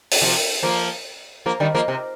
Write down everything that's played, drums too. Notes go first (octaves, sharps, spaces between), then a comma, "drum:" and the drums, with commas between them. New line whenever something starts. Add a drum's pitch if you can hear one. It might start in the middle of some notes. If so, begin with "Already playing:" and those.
drum: open hi-hat
C3 F3
F3 A#3
F3 A#3
D#3 G3
F3 A#3
C3